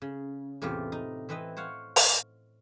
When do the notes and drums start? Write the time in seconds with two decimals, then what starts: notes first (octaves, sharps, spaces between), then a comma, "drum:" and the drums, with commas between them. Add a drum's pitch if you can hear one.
0.02 C#3
0.62 E2 A2 C3 F4 G4
0.92 D#4
1.29 E3 C4 E4 B4 D#5
1.57 C5 C#5 F5 F#5
1.96 drum: open hi-hat